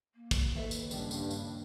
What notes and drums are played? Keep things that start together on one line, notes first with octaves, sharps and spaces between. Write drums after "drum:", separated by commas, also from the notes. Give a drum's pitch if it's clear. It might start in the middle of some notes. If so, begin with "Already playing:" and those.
A#3
drum: kick, tambourine
D#2 A4 B4 C#5 E5
drum: tambourine
C#2 G2 G3 D4, drum: tambourine
drum: tambourine
drum: tambourine